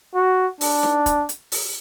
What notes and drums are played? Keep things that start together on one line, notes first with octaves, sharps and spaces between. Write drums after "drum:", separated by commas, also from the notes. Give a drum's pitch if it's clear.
F#4
D4, drum: open hi-hat
drum: snare D#4
drum: kick, hi-hat
drum: hi-hat
drum: open hi-hat